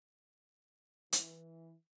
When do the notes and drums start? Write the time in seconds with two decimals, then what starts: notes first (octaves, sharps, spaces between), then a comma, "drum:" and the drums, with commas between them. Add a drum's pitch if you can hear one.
1.13 E3, drum: hi-hat